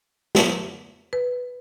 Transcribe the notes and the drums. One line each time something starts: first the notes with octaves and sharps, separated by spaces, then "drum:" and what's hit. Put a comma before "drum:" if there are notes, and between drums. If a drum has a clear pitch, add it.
drum: snare
B4